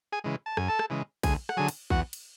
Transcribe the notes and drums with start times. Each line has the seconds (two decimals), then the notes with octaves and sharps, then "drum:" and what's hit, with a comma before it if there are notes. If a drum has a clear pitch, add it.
0.12 G#4 G#5
0.24 C#3 E3 G#3
0.46 A5
0.57 F#2 G#5, drum: rim click
0.68 A4 A5
0.79 drum: rim click
0.90 C#3 E3 G#3
1.23 D2 G#4 G#5, drum: kick A#1, cymbal
1.49 F#5, drum: rim click
1.57 D3 F#3 G#4 G#5
1.68 drum: cymbal
1.90 E2 F#4 F#5, drum: kick A#1
2.13 drum: cymbal